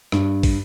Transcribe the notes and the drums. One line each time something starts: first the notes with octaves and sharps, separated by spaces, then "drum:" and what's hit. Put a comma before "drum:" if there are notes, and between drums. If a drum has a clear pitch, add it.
G2, drum: rim click
drum: kick, open hi-hat